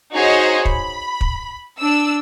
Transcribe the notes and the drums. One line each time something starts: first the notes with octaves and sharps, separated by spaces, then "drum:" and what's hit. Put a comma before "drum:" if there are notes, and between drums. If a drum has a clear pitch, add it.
D#4 F#4 G#4 C5 C#5 D#5
B5, drum: kick
drum: kick
D4 E6